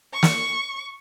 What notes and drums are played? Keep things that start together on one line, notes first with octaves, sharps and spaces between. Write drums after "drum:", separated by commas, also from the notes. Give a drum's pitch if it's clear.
C#6
drum: snare